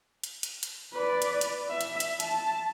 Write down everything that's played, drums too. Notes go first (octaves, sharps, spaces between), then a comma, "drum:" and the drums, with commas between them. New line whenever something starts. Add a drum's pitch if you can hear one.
drum: hi-hat
drum: hi-hat
drum: hi-hat
B4 D5
drum: hi-hat
drum: hi-hat
E5
drum: hi-hat
drum: hi-hat
A5, drum: hi-hat